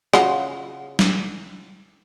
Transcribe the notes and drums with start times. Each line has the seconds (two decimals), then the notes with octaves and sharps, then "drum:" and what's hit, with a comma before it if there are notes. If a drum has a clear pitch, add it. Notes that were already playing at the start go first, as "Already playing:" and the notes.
0.13 C#3 F4 F#4, drum: rim click
0.99 drum: snare